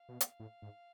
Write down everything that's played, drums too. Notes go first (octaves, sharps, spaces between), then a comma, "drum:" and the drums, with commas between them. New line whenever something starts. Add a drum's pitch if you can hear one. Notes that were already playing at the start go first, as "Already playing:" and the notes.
Already playing: F5
B2
drum: hi-hat
A2
G#2